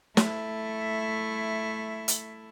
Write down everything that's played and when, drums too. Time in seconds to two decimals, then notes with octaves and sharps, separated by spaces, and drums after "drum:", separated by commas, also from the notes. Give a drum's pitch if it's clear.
0.17 A3 E4, drum: snare
2.08 drum: hi-hat